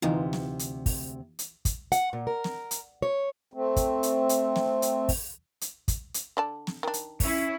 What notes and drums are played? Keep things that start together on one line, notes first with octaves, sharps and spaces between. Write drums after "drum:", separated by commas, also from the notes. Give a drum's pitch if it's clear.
D2 C3 E3 D#4 F4
drum: snare
drum: hi-hat
drum: kick, open hi-hat
drum: hi-hat
drum: kick, hi-hat
F#5, drum: hi-hat
A#2
A#4
drum: snare
drum: hi-hat
C#5
A3 C4
drum: kick, hi-hat
drum: hi-hat
drum: hi-hat
drum: snare
drum: hi-hat
drum: kick, open hi-hat
drum: hi-hat
drum: kick, hi-hat
drum: hi-hat
D3 D5 A5
drum: snare
D#3 D4
drum: hi-hat
C#4 E4, drum: kick, open hi-hat